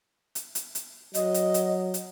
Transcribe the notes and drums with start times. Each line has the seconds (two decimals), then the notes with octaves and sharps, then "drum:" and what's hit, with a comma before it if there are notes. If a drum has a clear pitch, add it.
0.35 drum: hi-hat
0.55 drum: hi-hat
0.75 drum: hi-hat
1.15 F#3 D#5, drum: hi-hat
1.34 drum: hi-hat
1.54 drum: hi-hat
1.94 drum: hi-hat